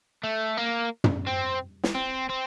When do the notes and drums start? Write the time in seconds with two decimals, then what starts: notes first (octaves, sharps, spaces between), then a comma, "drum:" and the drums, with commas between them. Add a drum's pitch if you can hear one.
0.24 A3
0.58 A#3
1.04 drum: tom
1.27 C4
1.84 drum: snare
1.95 C4
2.29 C4